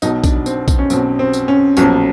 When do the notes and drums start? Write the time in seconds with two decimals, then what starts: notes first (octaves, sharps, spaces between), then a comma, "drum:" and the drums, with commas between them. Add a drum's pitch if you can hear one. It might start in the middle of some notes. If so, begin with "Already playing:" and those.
0.02 B1 B2 D#4, drum: tambourine
0.24 D4, drum: kick A#1, tambourine
0.46 C4, drum: tambourine
0.68 drum: kick A#1, tambourine
0.79 C#4
0.90 B1 B2 C4, drum: tambourine
1.19 C4
1.33 drum: tambourine
1.48 C#4
1.77 B1 A#2 F3 C#4, drum: tambourine